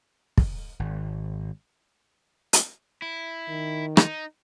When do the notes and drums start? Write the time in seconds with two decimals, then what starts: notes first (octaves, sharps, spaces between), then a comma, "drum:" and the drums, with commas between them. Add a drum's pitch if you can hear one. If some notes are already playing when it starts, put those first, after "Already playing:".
0.38 drum: kick
0.79 G#1
2.53 drum: hi-hat
3.02 E4
3.48 D#3
3.97 D#4, drum: rim click